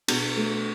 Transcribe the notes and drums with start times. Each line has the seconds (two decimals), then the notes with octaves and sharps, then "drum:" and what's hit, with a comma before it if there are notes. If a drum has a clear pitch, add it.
0.08 B2 D4 F#4, drum: cymbal
0.37 A3